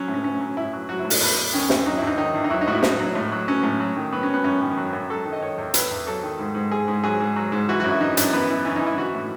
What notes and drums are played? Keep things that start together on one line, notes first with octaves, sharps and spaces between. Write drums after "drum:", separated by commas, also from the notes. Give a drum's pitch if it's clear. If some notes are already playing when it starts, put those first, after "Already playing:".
Already playing: F#3 C#4
A2
C#4
A2 C#4
F#3
A2 E4
F#3
F#3 F#4
E4
A2
D#4, drum: open hi-hat
E2 B3
E2
D#3 C#4
E2, drum: snare
F#3 D#4
E2 E4
D#4
D#3 D#4
E2
D#4
F#3 E4
D#4
A2 F#4
E4
A2 D#4, drum: snare
F#3
A2
F#3
F#3 C#4
A2
F#3
D#3
F#3 B3
C#4
F#3 B3
F#2 C#4
D#3
F#3
F#2
F#3 A4
D#3
D#5
D#3 C#5
E2
E2 B4, drum: hi-hat
E2
F#3 A4
D#3
G#2
G#2
G#2 G#4
G#2
F#3 G#4
G#2
F#3
G#2
E3 F#4
F#2 F#4
E4
E3 D#4
F#2, drum: hi-hat
E3 B3
E3
E3 C#4
D#4
E3
E4
E3 F#4
A2